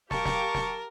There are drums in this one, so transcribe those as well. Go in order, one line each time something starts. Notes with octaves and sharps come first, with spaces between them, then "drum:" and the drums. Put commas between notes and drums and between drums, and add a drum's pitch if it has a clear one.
G4 A#4 F5 A5 C#6 D6, drum: snare
drum: snare
drum: snare